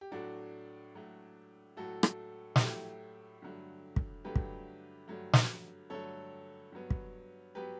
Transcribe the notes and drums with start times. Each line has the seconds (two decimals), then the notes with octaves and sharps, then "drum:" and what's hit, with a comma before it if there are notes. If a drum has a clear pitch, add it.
0.01 G4
0.11 A2 F#3 A3 D4 F#4
0.95 A2 F#3 A3
1.77 A2 F#3 A3 F#4 A4
2.03 drum: rim click
2.56 F#4, drum: snare
2.59 A2 F#3 A3 E4 G4
3.42 G2 D3 F#3 A3
3.96 drum: kick
4.25 G2 D3 F#3 A3 G4 B4
4.36 drum: kick
5.08 G2 D3 F#3 A3
5.33 drum: snare
5.90 G2 D3 F#3 A3 A4 C#5
6.72 G2 F#3 B3
6.90 drum: kick
7.55 F#3 B3 G4 B4